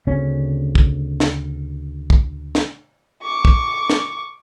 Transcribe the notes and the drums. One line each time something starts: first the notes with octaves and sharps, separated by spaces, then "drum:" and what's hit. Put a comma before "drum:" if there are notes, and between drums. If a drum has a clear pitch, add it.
D2 C#3 C4 C#4
drum: kick
drum: snare
drum: kick
drum: snare
C#6 D6
drum: kick
drum: snare